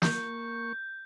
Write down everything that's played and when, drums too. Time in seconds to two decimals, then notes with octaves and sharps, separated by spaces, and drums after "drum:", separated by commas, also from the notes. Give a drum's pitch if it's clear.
0.02 A#3 C#6 G6, drum: snare